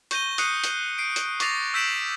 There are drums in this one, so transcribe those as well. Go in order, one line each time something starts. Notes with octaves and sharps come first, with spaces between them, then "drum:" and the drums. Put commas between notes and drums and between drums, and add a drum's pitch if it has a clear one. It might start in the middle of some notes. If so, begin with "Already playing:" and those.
C#6 G6 A#6 D#7 G7, drum: hi-hat
D#6 F#6 C7 C#7 D#7, drum: hi-hat
drum: hi-hat
C7 D7
drum: hi-hat
C#6 D6 A6 A#6 C7 F7, drum: hi-hat
E6 G6 B6 D7 E7 F#7